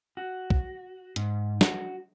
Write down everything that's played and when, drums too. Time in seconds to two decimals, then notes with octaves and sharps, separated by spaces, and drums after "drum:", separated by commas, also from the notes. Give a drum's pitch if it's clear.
0.17 F#4
0.50 drum: kick
1.16 G#2, drum: hi-hat
1.61 F#4, drum: snare